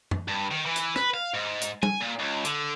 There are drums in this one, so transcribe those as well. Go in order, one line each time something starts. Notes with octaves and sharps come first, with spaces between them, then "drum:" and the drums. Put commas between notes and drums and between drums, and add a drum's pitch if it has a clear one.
drum: tom
G2
D#3
E3
drum: hi-hat
B4, drum: rim click
F5
G#2
drum: hi-hat
G#5, drum: tom G3
A#2
C#2
D3, drum: hi-hat